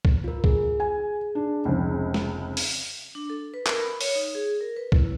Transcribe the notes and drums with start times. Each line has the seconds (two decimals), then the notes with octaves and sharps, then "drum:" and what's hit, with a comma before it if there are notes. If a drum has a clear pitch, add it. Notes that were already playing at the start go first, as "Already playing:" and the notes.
0.05 drum: kick C2
0.24 F4 A#4
0.44 G#4, drum: kick C2
0.80 G#5
1.35 D4
1.65 F1 C#2
2.14 drum: snare
2.57 drum: open hi-hat
3.15 D4
3.30 A4
3.54 B4
3.66 A#4, drum: clap
3.80 B5
4.01 C#5, drum: open hi-hat
4.15 D#4
4.35 G#4
4.61 A#4
4.76 B4
4.92 E4, drum: kick C2